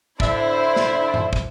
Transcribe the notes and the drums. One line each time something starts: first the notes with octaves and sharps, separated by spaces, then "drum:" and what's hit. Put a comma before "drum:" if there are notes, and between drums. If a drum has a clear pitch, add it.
D3 D4 E4 C5 E5, drum: kick
drum: snare
drum: tom F#2
drum: kick